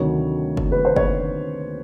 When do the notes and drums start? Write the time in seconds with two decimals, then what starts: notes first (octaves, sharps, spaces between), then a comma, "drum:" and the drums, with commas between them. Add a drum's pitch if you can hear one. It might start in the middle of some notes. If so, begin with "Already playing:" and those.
Already playing: D2 C3 D#3 F#3 C#5
0.57 drum: kick F#1
0.72 B4
0.85 C5
0.96 C#5, drum: kick F#1